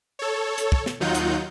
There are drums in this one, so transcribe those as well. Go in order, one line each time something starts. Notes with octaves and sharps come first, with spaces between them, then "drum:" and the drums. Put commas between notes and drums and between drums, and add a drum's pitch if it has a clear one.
A4 C#5
drum: hi-hat
drum: kick
drum: snare
D#2 F#3 D#4 F4 F#5 G6
drum: hi-hat